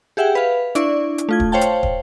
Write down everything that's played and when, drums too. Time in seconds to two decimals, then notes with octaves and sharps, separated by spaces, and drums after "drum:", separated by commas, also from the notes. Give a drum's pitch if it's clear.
0.17 G4 G#4 E5 F#5 G5
0.35 B4 F5
0.75 D4 E4 D5 C#6, drum: hi-hat
1.18 drum: hi-hat
1.29 A3 F4 G#6
1.40 drum: kick
1.52 C5 C#5 F5 G5 A5
1.61 drum: hi-hat
1.83 drum: kick